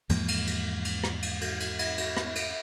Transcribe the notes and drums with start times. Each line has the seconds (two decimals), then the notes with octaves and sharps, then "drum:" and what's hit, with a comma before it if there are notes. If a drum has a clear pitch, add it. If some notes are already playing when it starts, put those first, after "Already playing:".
0.09 E2 G#2 F3 A#3, drum: cymbal
0.28 drum: cymbal
0.47 drum: cymbal
0.85 drum: cymbal
1.04 drum: rim click
1.22 drum: cymbal
1.41 drum: cymbal
1.60 drum: cymbal
1.79 drum: cymbal
1.98 drum: cymbal
2.17 drum: rim click
2.35 drum: cymbal